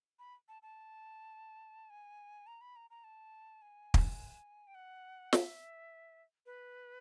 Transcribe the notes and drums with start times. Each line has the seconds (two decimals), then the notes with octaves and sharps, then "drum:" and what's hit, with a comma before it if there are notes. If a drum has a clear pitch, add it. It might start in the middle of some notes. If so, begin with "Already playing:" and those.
0.19 B5
0.48 A5
0.62 A5
1.90 G#5
2.47 A#5
2.61 B5
2.76 A#5
2.90 A#5
3.04 A5
3.62 G#5
3.94 drum: kick
4.67 G5
4.75 F#5
5.33 E5, drum: snare
6.46 B4